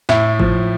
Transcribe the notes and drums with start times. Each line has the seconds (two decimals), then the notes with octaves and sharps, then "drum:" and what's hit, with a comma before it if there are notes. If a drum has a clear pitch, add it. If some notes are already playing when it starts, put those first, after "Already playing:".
0.09 A2 E4, drum: snare
0.39 F3, drum: kick G#1